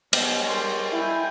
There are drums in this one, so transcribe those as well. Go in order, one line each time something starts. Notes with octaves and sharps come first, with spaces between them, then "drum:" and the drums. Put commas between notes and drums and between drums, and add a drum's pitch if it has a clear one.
G3 G#3 B3 C#5 G#5 C7, drum: cymbal
A#4 C6
E4 G5 G#5